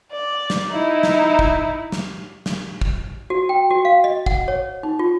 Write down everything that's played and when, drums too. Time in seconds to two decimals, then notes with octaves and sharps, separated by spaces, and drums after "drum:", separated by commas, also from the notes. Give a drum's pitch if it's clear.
0.12 D5
0.50 drum: snare
0.71 D#4 E4
1.03 drum: snare
1.39 drum: kick
1.92 drum: snare
2.46 drum: snare
2.81 drum: kick
3.30 F#4
3.49 G5
3.71 F#4
3.85 F5
4.04 D#5
4.26 F#5, drum: kick
4.48 C#5
4.83 D#4
4.99 F4